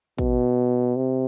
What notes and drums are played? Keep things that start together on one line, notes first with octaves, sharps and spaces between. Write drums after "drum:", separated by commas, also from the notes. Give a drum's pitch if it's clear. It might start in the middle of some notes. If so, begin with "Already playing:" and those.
B2, drum: kick A1
C3